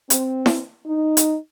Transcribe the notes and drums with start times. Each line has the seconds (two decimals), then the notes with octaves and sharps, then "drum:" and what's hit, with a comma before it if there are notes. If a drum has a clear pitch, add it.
0.10 C4, drum: hi-hat
0.46 drum: snare E4
0.86 D#4
1.17 drum: hi-hat